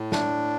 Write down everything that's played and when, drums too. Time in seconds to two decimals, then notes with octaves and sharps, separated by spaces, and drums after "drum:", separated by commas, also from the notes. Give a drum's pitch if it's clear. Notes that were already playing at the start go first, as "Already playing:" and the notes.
Already playing: A2
0.12 D4, drum: snare